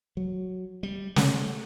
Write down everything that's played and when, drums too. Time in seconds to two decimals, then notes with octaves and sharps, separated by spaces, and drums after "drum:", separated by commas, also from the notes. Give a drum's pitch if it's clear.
0.17 F#3
0.83 G3
1.16 A3, drum: snare